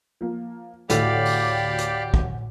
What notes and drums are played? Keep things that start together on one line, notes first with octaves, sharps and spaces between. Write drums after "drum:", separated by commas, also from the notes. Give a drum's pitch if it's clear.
F3 A#3
D2 A2 F#4 G4 C#5 D5 F5 B5, drum: hi-hat
drum: open hi-hat
drum: hi-hat
drum: kick